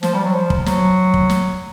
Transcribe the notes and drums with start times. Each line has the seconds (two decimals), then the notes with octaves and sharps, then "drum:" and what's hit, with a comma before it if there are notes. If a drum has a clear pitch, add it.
0.03 F3, drum: snare
0.14 G3
0.24 F#3
0.34 F3
0.50 drum: kick
0.66 F#3, drum: snare
1.14 drum: kick
1.30 drum: snare